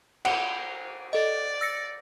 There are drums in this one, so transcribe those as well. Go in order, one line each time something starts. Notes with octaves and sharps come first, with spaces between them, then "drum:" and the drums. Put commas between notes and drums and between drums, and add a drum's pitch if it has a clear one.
F#5, drum: cymbal
A4 D5 D#5
E6 A#6 C#7